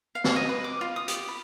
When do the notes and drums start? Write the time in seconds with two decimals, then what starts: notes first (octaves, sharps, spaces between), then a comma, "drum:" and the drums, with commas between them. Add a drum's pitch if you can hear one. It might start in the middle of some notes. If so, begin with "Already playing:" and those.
0.15 F5
0.24 drum: snare
0.36 D#5
0.49 B4
0.64 D6
0.81 F4
0.96 D#6
1.08 G4, drum: hi-hat
1.29 B5